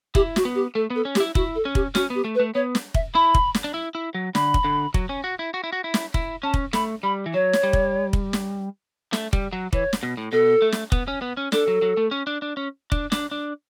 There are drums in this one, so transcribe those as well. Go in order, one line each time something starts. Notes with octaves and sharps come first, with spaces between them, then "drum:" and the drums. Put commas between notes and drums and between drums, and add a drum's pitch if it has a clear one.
E4 G4, drum: kick
F#4, drum: snare
B3
G4
A3 A4
B3 A4
C#4
G4, drum: snare
E4
E4 F#4, drum: kick
A4
C#4
G4, drum: kick
C#4 F#4, drum: snare
B3 G4
A3
B4
A3
B3 C#5
drum: snare
E5, drum: kick
E4 B5
drum: kick
drum: snare
D4
E4
E4
F#3
D3 B5, drum: snare
drum: kick
D3
F#3, drum: kick
C#4
F#4
E4
F#4
E4
F#4
E4
drum: snare
E4, drum: kick
C#4 A5
drum: kick
A3 B5, drum: snare
G3 B5
E3
F#3 C#5
drum: snare
G3
drum: kick
drum: kick
drum: snare
A3, drum: snare
G3, drum: kick
F#3
E3 C#5, drum: kick
drum: snare
B2
A2
B2 A4
A3
drum: snare
B3, drum: kick
C#4
B3
C#4
D4 A4, drum: snare
F#3
F#3
A3
C#4
D4
D4
C#4
D4, drum: kick
D4, drum: snare
D4